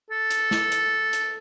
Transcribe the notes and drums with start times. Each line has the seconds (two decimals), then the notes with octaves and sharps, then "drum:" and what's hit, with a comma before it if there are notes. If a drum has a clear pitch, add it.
0.10 A4
0.31 drum: hi-hat
0.51 drum: snare
0.72 drum: hi-hat
1.13 drum: hi-hat